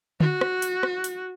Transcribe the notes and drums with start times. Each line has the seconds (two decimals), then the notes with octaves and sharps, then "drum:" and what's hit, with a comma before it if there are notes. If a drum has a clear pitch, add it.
0.20 F#4, drum: tom D3
0.41 drum: rim click
0.62 drum: hi-hat
0.83 drum: rim click
1.04 drum: hi-hat